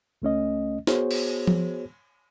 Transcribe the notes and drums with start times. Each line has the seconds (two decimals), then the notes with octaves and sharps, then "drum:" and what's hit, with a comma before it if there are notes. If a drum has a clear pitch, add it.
0.22 C#2 A3 C#4 D#5
0.87 B3 F#4 G#4 C5 C#5, drum: snare
1.11 drum: cymbal
1.47 drum: tom F3